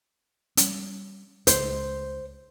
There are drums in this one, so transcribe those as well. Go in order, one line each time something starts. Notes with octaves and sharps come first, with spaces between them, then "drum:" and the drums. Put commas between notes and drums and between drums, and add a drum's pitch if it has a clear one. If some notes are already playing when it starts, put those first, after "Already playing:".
G3 C#4, drum: hi-hat
C#2 C5, drum: hi-hat